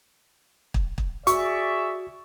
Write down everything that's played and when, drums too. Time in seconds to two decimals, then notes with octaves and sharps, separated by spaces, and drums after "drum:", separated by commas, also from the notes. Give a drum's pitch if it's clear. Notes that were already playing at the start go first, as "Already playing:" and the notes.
0.74 drum: kick
0.98 drum: kick
1.27 F#4 G#4 D5 E5 C#6, drum: hi-hat